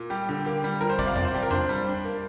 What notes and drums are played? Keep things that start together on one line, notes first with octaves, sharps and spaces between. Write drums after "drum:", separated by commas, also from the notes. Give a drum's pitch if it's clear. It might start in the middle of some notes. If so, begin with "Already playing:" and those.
Already playing: A#2
G3 G4
D3 G4
A#3 G4
G3
F3 A#4
C5
C3 D5, drum: kick
F5
F3 D5, drum: tom E2
C5
C3 G4
A#4
D4 C5, drum: tom E2
G3
D4
A#3